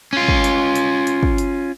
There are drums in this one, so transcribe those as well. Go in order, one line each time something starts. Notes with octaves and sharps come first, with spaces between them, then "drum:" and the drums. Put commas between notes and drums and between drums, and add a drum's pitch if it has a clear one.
C#4 F4
drum: kick
drum: hi-hat
drum: hi-hat
drum: hi-hat
drum: kick
drum: hi-hat